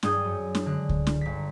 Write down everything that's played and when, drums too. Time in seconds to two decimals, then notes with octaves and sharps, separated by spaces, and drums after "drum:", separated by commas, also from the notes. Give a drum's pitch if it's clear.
0.03 G2 G3 G#4 D#6 G6, drum: snare
0.25 F#2
0.55 drum: snare
0.66 D3 G#3 F#6
0.89 drum: kick C#2
1.07 drum: snare
1.21 G1 B6